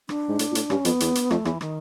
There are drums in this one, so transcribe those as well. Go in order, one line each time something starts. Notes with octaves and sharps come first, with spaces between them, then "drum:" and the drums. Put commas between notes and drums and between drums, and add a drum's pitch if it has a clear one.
D4, drum: rim click
G#2
A2, drum: hi-hat
A#2
A2, drum: hi-hat
G2 C#4, drum: rim click
F2 B3, drum: hi-hat
E2, drum: hi-hat
drum: hi-hat
F2 A3, drum: rim click
E2 E3, drum: rim click
D#3, drum: rim click